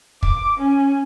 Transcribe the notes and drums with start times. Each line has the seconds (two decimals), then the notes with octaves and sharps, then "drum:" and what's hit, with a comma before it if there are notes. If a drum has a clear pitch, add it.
0.23 D6, drum: kick
0.58 C#4